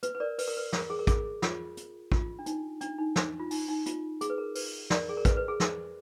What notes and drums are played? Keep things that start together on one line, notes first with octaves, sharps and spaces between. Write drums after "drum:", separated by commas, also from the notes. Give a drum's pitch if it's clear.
B4, drum: hi-hat
B4
A#4 D5
B4, drum: open hi-hat
A#4
B4
A#4, drum: snare
G#4
A#4
G#4, drum: kick, hi-hat
F4, drum: snare
drum: hi-hat
F4, drum: kick
D4
D#4, drum: hi-hat
D4, drum: hi-hat
D#4
D#4, drum: snare
F4
D#4, drum: open hi-hat
D#4
F4, drum: hi-hat
G#4, drum: hi-hat
B4
A#4
B4, drum: open hi-hat
A#4 D5, drum: snare
G#4
A#4
B4, drum: kick, hi-hat
B4
G#4
drum: snare